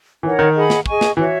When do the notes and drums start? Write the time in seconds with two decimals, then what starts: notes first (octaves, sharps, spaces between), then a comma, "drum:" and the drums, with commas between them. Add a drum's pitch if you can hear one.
0.23 E3 D#4 A#4 C#5 F#5
0.39 D#3
0.55 G#4 D#5 F#5 B5
0.70 drum: snare
0.86 G#4 D#5 G#5 C#6, drum: kick
1.01 drum: snare
1.17 E3 F#4 C#5 E5